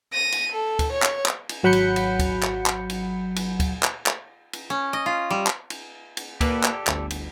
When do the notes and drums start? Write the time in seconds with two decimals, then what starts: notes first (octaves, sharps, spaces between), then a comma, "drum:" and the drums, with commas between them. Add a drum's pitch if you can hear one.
0.13 A#6 D#7
0.32 drum: cymbal
0.53 A4
0.79 drum: kick D2, cymbal
0.92 C#5
1.02 drum: clap
1.26 drum: clap
1.49 drum: cymbal
1.63 G#1 F#3 F#5 B5 G6 C#7
1.73 drum: cymbal
1.96 drum: cymbal
2.19 drum: kick D2, cymbal
2.43 drum: clap
2.66 drum: clap
2.90 drum: cymbal
3.36 drum: cymbal
3.60 drum: kick D2, cymbal
3.83 drum: clap
4.06 drum: clap
4.53 drum: cymbal
4.70 C#4
4.93 D#5
5.06 F4
5.30 G3
5.47 drum: clap
5.70 drum: cymbal
6.17 drum: cymbal
6.41 A#3 G4 A4 B4 D5, drum: kick D2, cymbal
6.64 drum: clap
6.87 G1 D2, drum: clap
7.10 drum: cymbal